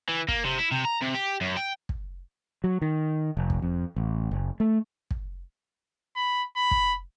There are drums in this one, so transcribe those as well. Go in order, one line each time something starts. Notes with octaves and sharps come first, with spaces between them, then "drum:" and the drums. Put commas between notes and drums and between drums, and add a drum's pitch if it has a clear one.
E3
A#3, drum: kick
C3
E4
C3
A#5
C3
G4
F#2
G5
drum: kick
F#3
D#3
F1
drum: kick
F2
A1
F#1
A3
drum: kick
B5
B5
drum: kick